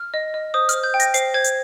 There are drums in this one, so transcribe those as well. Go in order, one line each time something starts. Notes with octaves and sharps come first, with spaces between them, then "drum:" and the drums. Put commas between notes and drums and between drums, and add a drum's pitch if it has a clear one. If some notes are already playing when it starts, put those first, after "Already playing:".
Already playing: F6
D#5
D#5
C5 D#6
C5 F6, drum: hi-hat
G6
G5
A#6, drum: hi-hat
C5 C7, drum: hi-hat
C5 G#6
drum: hi-hat